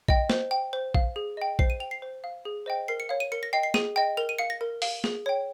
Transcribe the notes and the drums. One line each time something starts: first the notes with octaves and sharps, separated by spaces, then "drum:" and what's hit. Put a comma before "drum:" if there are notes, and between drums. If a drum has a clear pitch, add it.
D#5 G5, drum: kick A#1
C5, drum: snare A#3
G5
C5
F5, drum: kick A#1
G#4
D#5 G5
C5 C7, drum: kick A#1
D#7
G5 F7
C7
C5
F5
G#4
C5 D#5 G5
A#4 C7
C#7
C#5 F5
D#7
A#4 C#7
A#6
D#5 G5 C7
C7
G#4 D#7, drum: snare A#3
D#5 G5
A#4 F7
D#7
F5 C#7
A#6
A#4
F5, drum: open hi-hat
G#4, drum: snare A#3
C#5 G5